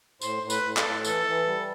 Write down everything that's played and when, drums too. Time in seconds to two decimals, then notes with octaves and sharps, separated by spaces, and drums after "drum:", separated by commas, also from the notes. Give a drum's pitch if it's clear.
0.22 A2 C5, drum: tambourine
0.43 A2
0.50 B4, drum: tambourine
0.63 A2
0.77 A4, drum: clap
0.84 A2
1.05 E3 A4, drum: tambourine
1.26 E3
1.47 G3